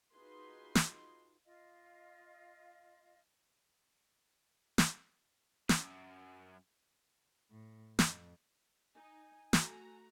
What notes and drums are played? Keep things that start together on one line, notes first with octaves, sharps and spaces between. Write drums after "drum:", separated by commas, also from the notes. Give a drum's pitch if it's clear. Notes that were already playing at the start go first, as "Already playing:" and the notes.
D#4 F4 F#4 G#4 B4 C6
drum: snare
F4 D#5 F5
drum: snare
F#2, drum: snare
A2
F2, drum: snare
D#4 G#5
A3 F#4 A#5, drum: snare